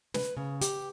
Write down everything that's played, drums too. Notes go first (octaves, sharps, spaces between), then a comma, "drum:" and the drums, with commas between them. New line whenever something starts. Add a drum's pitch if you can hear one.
B4, drum: snare
C#3
G4, drum: hi-hat